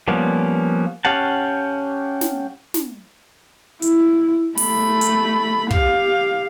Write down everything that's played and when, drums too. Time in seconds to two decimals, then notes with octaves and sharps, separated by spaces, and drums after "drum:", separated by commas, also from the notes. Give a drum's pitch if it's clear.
0.08 F3 G3 A#3 B3 C#4
1.05 C#4 G4 F5 F#5 A5
2.21 drum: snare
2.74 drum: snare
3.82 E4, drum: hi-hat
4.58 A3 B5, drum: open hi-hat
5.01 drum: hi-hat
5.71 G4 F5, drum: kick